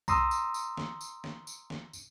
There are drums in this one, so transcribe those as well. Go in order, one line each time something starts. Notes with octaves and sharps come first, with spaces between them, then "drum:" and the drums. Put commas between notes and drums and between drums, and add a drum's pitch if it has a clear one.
A#5 C6 D#6 E6, drum: kick B1, tambourine
drum: tambourine
drum: tambourine
drum: snare
drum: tambourine
drum: snare
drum: tambourine
drum: snare
drum: tambourine